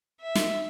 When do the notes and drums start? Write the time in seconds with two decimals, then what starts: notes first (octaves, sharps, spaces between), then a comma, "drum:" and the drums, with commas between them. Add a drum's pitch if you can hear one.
0.21 E5
0.35 drum: snare